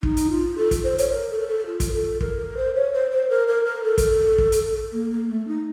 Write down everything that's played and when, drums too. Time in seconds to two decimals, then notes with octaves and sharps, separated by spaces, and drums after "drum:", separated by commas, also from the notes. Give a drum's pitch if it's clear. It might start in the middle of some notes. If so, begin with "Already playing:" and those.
0.03 D#4, drum: kick
0.17 drum: hi-hat
0.31 F4
0.58 A4
0.71 drum: kick, hi-hat
0.84 C5
0.98 C#5, drum: hi-hat
1.13 A#4
1.31 A4
1.48 A4
1.66 F4
1.80 drum: kick, hi-hat
1.89 A#4
1.94 A4
2.21 A#4, drum: kick
2.39 A#4
2.57 C5
2.75 C#5
2.93 C5
3.11 C5
3.30 A#4
3.48 A#4
3.65 A#4
3.84 A4
3.98 drum: kick, hi-hat
4.38 drum: kick
4.52 drum: hi-hat
4.93 A#3
5.11 A#3
5.29 A3
5.48 D#4